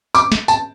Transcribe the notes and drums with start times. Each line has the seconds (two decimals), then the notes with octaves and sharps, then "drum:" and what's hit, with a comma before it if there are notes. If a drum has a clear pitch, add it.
0.15 D6, drum: tambourine
0.32 drum: snare
0.48 A5, drum: tambourine